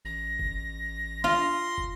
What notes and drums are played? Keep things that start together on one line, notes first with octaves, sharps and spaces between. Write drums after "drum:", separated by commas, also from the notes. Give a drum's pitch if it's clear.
A1 A#6
drum: kick
F4 C6, drum: snare
drum: kick